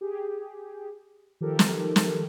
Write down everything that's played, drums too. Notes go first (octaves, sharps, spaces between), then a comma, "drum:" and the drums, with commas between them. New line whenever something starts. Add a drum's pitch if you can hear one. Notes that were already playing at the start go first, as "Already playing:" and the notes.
G4 G#4
D#3 F3 G4 A4 A#4
drum: snare
drum: snare